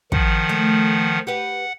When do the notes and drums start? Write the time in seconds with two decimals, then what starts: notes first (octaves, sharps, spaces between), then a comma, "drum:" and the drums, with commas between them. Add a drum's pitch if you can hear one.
0.12 D#3 F3 F#5, drum: kick
0.49 A3
1.27 G4 B4 F#5